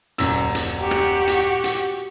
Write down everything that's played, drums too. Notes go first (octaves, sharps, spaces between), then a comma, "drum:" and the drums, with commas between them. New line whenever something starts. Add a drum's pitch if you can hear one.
D#1 F#2 E6, drum: hi-hat
drum: hi-hat
F#4 G4
drum: rim click
drum: hi-hat
drum: hi-hat